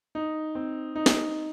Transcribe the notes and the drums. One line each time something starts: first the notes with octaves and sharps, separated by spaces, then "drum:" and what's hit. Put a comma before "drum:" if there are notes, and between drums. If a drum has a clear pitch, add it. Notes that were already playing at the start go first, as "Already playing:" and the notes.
D#4
C4
D#4
drum: snare